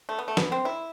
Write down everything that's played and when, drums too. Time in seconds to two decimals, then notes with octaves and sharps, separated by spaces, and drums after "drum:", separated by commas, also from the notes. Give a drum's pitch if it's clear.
0.09 A3
0.19 B3
0.28 A3
0.37 B3, drum: snare
0.52 C4
0.65 E4